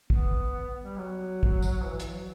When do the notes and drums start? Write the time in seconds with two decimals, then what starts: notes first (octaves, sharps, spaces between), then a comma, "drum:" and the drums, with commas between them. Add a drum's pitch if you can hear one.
0.10 B3, drum: kick
0.83 G3
0.97 F#3
1.43 drum: kick
1.62 drum: tambourine
1.85 E3
2.00 E3, drum: hi-hat
2.14 F#3